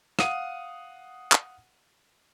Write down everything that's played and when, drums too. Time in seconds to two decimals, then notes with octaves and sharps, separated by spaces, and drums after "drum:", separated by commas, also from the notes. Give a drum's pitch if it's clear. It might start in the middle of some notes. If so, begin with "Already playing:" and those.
0.19 F5 F#5 D#6 D#7, drum: rim click
1.32 drum: clap